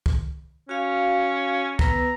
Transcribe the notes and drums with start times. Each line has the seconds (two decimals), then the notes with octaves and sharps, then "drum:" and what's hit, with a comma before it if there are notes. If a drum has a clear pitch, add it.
0.06 drum: kick
0.69 C#4 F#4 F5
1.79 B3 B4 A#5 E6, drum: kick